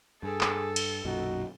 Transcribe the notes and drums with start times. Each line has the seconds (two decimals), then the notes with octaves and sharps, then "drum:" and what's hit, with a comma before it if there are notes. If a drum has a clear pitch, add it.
0.23 G2 G#4 A4
0.41 drum: clap
0.76 drum: cymbal
1.05 B1 F#2 A#2 D#4 F#4